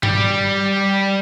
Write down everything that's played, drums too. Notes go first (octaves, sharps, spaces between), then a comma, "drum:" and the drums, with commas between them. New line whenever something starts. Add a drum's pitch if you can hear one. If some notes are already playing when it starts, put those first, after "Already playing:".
G3 G4, drum: tom G2